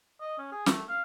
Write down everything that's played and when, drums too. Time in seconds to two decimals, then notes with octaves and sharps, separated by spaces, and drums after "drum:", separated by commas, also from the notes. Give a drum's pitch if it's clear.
0.20 D#5
0.38 C#4
0.52 G#4
0.66 A3, drum: snare
0.89 F5